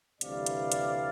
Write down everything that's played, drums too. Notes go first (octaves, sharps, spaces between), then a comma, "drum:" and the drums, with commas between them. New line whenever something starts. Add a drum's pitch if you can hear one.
D2 C3 E3 G3 D5 F5, drum: hi-hat
drum: hi-hat
drum: hi-hat